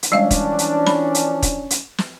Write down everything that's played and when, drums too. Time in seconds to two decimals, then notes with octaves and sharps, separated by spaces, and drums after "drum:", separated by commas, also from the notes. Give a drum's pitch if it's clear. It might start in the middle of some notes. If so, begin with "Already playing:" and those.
0.03 drum: hi-hat
0.12 E3 F3 G3 G#3 C#4 D4 F5
0.31 drum: kick, hi-hat
0.59 drum: hi-hat
0.87 B5, drum: snare
1.15 drum: hi-hat
1.42 drum: kick, hi-hat
1.70 drum: hi-hat
1.98 drum: snare